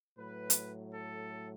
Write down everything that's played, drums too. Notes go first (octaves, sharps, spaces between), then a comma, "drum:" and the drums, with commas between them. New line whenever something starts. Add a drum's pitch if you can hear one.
A2 F#3 B4
drum: hi-hat
A4